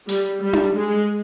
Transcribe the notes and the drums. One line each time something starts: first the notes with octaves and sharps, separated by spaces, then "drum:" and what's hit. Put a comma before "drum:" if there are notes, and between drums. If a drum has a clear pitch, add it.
G3, drum: hi-hat
G3
drum: tom D4
G#3